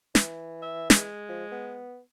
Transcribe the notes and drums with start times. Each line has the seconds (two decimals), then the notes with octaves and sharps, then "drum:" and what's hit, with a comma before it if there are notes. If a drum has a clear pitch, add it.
0.15 E3, drum: snare
0.62 E5
0.90 G#3, drum: snare
1.29 F3
1.52 B3